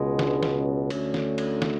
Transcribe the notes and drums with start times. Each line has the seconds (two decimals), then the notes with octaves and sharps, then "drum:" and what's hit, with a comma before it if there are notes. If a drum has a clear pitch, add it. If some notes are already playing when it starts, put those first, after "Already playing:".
Already playing: C#2 B2 G#3
0.19 D4, drum: snare
0.43 drum: snare
0.54 C#4
0.90 D2 D3 A3, drum: cymbal
1.14 drum: snare
1.38 drum: cymbal
1.62 drum: snare